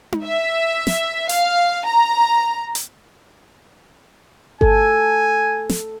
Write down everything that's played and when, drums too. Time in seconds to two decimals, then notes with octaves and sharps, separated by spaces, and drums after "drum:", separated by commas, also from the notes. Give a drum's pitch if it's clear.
0.12 drum: tom D#4
0.24 E5
0.87 drum: snare
1.29 F5, drum: hi-hat
1.85 A#5
2.75 drum: hi-hat
4.61 A4 G#5, drum: kick G1
5.69 drum: snare